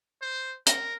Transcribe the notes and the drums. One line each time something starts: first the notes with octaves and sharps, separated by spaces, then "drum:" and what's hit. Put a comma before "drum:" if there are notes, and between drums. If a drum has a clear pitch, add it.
C5
A#4, drum: hi-hat